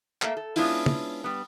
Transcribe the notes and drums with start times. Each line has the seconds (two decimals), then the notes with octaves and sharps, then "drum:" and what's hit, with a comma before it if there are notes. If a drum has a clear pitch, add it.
0.22 A3 A#3 E5, drum: clap
0.37 A4
0.56 G#3 B3 C#4 D4 E4 F4, drum: open hi-hat
0.86 drum: tom
1.24 G3 B3